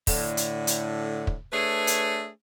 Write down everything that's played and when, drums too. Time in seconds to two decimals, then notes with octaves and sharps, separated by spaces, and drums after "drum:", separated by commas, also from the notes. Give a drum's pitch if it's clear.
0.07 A2 D3, drum: kick, open hi-hat
0.37 drum: hi-hat
0.67 drum: hi-hat
1.27 drum: kick
1.52 A3 D4 G#4 B4 C#5
1.87 drum: hi-hat